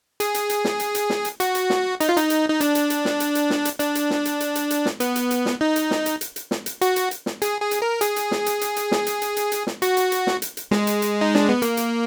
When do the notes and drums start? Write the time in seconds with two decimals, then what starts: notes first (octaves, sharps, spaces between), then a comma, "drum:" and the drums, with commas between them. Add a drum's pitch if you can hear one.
0.20 G#4, drum: hi-hat
0.34 drum: hi-hat
0.50 drum: hi-hat
0.65 drum: snare
0.80 drum: hi-hat
0.95 drum: hi-hat
1.10 drum: snare
1.25 drum: hi-hat
1.40 F#4, drum: hi-hat
1.55 drum: hi-hat
1.70 drum: snare
2.00 D#4, drum: hi-hat
2.09 F4
2.17 D#4, drum: hi-hat
2.30 drum: hi-hat
2.49 D#4
2.61 D4, drum: hi-hat
2.75 drum: hi-hat
2.90 drum: hi-hat
3.05 drum: snare
3.20 drum: hi-hat
3.35 drum: hi-hat
3.50 drum: snare
3.65 drum: hi-hat
3.80 D4, drum: hi-hat
3.95 drum: hi-hat
4.10 drum: snare
4.25 drum: hi-hat
4.40 drum: hi-hat
4.55 drum: hi-hat
4.71 drum: hi-hat
4.86 drum: snare
5.00 B3, drum: hi-hat
5.16 drum: hi-hat
5.31 drum: hi-hat
5.46 drum: snare
5.61 D#4
5.76 drum: hi-hat
5.91 drum: snare
6.06 drum: hi-hat
6.21 drum: hi-hat
6.36 drum: hi-hat
6.51 drum: snare
6.66 drum: hi-hat
6.81 F#4, drum: hi-hat
6.96 drum: hi-hat
7.11 drum: hi-hat
7.26 drum: snare
7.42 G#4, drum: hi-hat
7.61 G#4
7.71 drum: hi-hat
7.82 A#4
8.01 G#4, drum: hi-hat
8.16 drum: hi-hat
8.31 drum: snare
8.46 drum: hi-hat
8.61 drum: hi-hat
8.76 drum: hi-hat
8.91 drum: snare
9.07 drum: hi-hat
9.22 drum: hi-hat
9.37 drum: hi-hat
9.52 drum: hi-hat
9.67 drum: snare
9.82 F#4, drum: hi-hat
9.97 drum: hi-hat
10.12 drum: hi-hat
10.27 drum: snare
10.42 drum: hi-hat
10.57 drum: hi-hat
10.71 G#3, drum: snare
10.87 drum: hi-hat
11.02 drum: hi-hat
11.21 D#4
11.35 D4, drum: snare
11.49 B3
11.62 A#3, drum: hi-hat
11.77 drum: hi-hat